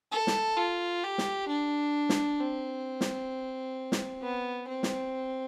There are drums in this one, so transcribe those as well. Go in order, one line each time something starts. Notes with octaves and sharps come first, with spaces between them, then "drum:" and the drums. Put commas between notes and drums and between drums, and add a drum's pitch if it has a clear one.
A4
drum: snare
F4
G4
drum: snare
D4
drum: snare
C4
drum: snare
drum: snare
B3
C4
drum: snare